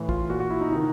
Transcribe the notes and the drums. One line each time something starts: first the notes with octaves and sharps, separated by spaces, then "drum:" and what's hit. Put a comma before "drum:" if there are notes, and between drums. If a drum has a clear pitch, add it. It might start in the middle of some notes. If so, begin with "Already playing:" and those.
Already playing: A2 E3
F4, drum: kick
A#2 F#4
F#4
E4
D#4
C3 D#3 D#4